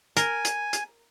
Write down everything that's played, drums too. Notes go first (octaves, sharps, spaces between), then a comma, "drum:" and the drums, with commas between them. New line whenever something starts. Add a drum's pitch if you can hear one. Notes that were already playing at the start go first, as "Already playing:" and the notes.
A#4 G#5, drum: hi-hat
drum: hi-hat
drum: hi-hat